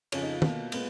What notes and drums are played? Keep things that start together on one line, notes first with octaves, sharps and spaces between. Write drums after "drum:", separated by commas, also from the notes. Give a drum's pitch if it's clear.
F2 C#3 F3 C#4, drum: cymbal
D#4
F4
B2 A#3, drum: tom
A#2 G#3 B3, drum: cymbal